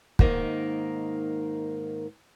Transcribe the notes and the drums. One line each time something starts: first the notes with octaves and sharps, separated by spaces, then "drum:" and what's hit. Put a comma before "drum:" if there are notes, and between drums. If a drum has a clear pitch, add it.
G#2 D#3 A#3, drum: kick